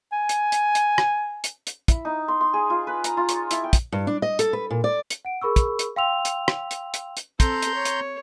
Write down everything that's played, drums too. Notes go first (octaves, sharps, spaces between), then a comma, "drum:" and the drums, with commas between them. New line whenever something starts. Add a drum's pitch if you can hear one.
G#5
drum: hi-hat
drum: hi-hat
drum: hi-hat
drum: rim click
drum: hi-hat
drum: hi-hat
E4, drum: kick, hi-hat
D#4
C6
C6
G#4
F4
B4
A#5, drum: hi-hat
F4
C#5, drum: hi-hat
E4, drum: hi-hat
G5
drum: kick, hi-hat
G2
D4
D#5
A4, drum: hi-hat
B4
A#2
D5
drum: hi-hat
F#5 D7
G#4 A#4 B5 C#6 E6
drum: kick, hi-hat
drum: hi-hat
F5 G5 C6 E6 F7
drum: hi-hat
drum: rim click
drum: hi-hat
drum: hi-hat
drum: hi-hat
C4 A4 A#5 C6 G6, drum: kick, hi-hat
drum: hi-hat
C#5
drum: hi-hat